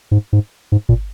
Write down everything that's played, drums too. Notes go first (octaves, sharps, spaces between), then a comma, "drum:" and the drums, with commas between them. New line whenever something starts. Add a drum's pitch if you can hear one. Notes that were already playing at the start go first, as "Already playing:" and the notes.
G#2
G#2
G#2
A#2, drum: kick G1